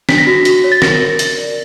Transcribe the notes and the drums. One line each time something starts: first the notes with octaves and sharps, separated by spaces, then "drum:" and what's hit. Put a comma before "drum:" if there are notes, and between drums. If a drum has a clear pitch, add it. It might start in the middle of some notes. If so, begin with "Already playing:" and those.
D4 B6, drum: snare
A#6
F#4 B6
F#4, drum: hi-hat
C#5
A6
A#4 A#6, drum: snare
A#4
A#4, drum: hi-hat
D5